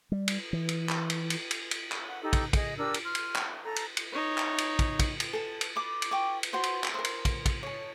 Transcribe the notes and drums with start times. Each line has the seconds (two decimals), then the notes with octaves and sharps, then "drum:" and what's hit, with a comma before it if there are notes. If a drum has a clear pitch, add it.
0.12 G3
0.28 drum: cymbal
0.53 E3
0.69 drum: cymbal
0.89 drum: clap
1.10 drum: cymbal
1.30 drum: cymbal
1.51 drum: cymbal
1.71 drum: cymbal
1.92 drum: clap
2.08 F#5
2.22 D#4 G4 A4
2.33 drum: kick, cymbal
2.53 G#4 D#5, drum: kick, cymbal
2.77 D4 G4 A#4 E6
2.94 drum: cymbal
3.04 C6 F6
3.15 drum: cymbal
3.35 drum: clap
3.64 A4 A#5
3.76 drum: cymbal
3.97 drum: cymbal
4.13 D#4 C#5
4.38 drum: clap
4.58 drum: cymbal
4.79 drum: kick, cymbal
4.99 drum: kick, cymbal
5.20 drum: cymbal
5.33 A4 A5
5.61 drum: cymbal
5.76 B5 D6
6.02 drum: cymbal
6.11 G5 C#6 D6
6.43 drum: cymbal
6.53 F#4 B4 C5 C6
6.64 drum: cymbal
6.84 drum: clap
6.94 A#4 C5
7.05 drum: cymbal
7.25 drum: kick, cymbal
7.46 drum: kick, cymbal
7.63 C#5 A5